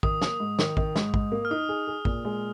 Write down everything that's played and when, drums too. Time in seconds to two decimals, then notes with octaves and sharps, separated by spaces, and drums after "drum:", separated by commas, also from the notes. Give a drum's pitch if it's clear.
0.03 D#3 D#6, drum: kick
0.22 A#3, drum: snare
0.40 G#2
0.59 D#3, drum: snare
0.77 D#3, drum: kick
0.96 G#2, drum: snare
1.14 G#2, drum: kick
1.32 A#3
1.45 F6
1.51 D#4 D#6
1.69 G#4
1.87 G#4
2.05 A#2, drum: kick
2.25 G#3